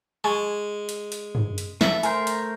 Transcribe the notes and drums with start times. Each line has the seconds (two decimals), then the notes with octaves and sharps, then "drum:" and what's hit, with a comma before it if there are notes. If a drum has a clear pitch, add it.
0.24 G#3 G#5 C#6 G#6
0.89 drum: hi-hat
1.12 drum: hi-hat
1.35 drum: tom
1.58 drum: hi-hat
1.81 E3 A4 E5, drum: snare
2.03 A3 A#4 C5 G#5, drum: hi-hat
2.27 drum: hi-hat